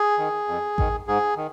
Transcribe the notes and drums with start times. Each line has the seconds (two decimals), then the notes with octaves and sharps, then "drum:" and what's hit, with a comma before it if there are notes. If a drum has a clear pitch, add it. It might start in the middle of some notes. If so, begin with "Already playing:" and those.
Already playing: G#4
0.18 D#3
0.48 F2
0.78 D#3, drum: kick A1
1.08 G#2 G#4
1.37 D#3